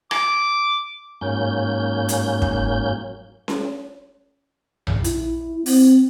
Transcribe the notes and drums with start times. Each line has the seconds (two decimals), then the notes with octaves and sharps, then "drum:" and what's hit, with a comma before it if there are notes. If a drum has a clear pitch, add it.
0.11 D6, drum: rim click
1.21 G#2 F#3 A#3 C#4 G6
2.09 drum: hi-hat
2.42 drum: kick
3.48 drum: snare C#4
4.87 drum: tom A#1
5.04 E4, drum: hi-hat
5.66 C4, drum: open hi-hat